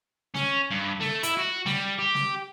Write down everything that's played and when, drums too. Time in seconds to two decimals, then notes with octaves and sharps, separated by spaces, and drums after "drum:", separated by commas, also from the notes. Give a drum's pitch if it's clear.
0.34 C#4, drum: snare
0.71 G2
1.01 A3, drum: snare
1.23 E4, drum: hi-hat
1.37 F#4
1.66 G3, drum: snare
1.99 G4
2.14 drum: snare